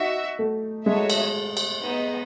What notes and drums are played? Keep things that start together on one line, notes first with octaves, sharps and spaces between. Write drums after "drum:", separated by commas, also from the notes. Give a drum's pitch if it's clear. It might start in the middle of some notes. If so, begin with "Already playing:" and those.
Already playing: D#4 F#4 E5
A3
G#3 D#4 F#4 A4 C#5 E5
drum: cymbal
drum: cymbal
B3 D#4 G#4